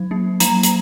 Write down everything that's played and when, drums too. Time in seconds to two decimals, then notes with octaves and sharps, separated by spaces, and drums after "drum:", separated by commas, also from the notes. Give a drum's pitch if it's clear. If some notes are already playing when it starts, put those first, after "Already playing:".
Already playing: F#3
0.11 A#3
0.40 F#3 A#5, drum: hi-hat
0.63 drum: hi-hat